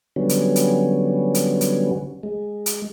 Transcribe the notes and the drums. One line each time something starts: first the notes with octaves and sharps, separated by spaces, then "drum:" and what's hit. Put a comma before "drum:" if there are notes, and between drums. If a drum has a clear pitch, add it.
D3 F#3 G3 B3 C#4
drum: hi-hat
drum: hi-hat
drum: hi-hat
drum: hi-hat
G#3
drum: hi-hat